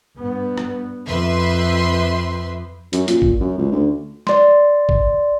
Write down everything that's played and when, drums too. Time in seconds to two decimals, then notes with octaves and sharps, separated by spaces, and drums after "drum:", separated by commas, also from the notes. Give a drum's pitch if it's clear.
0.17 G2 B3
0.58 drum: rim click
1.08 F2 B4 E5 C6
2.93 F#2, drum: hi-hat
3.08 A#2, drum: hi-hat
3.22 drum: kick G#1
3.41 F#2
3.58 C#2
3.72 D2
4.27 D5 C6, drum: snare
4.89 drum: kick G#1